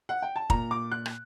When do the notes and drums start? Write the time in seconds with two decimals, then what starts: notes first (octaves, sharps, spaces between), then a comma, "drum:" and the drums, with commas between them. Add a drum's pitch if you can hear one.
0.09 F#5
0.22 G5
0.36 A5
0.50 A#2 A#5, drum: kick
0.71 D6
0.92 F#6
1.06 drum: rim click